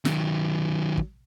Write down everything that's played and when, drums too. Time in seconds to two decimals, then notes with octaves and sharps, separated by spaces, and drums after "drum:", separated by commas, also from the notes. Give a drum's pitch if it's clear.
0.05 D#3 F#3, drum: snare
0.97 drum: kick